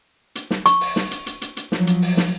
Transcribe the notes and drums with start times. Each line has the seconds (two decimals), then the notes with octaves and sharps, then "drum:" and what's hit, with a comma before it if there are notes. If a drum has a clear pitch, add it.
0.35 drum: hi-hat
0.51 drum: snare
0.66 C#6, drum: hi-hat
0.81 drum: open hi-hat
0.96 drum: snare
1.11 drum: hi-hat
1.26 drum: hi-hat
1.41 drum: hi-hat
1.57 drum: hi-hat
1.72 F3 F#3, drum: snare
1.87 drum: hi-hat
2.02 drum: open hi-hat
2.17 drum: snare